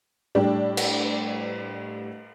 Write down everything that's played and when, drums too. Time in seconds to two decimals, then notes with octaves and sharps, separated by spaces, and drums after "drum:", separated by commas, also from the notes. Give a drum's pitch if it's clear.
0.35 A2 G3 D4 G4
0.77 drum: cymbal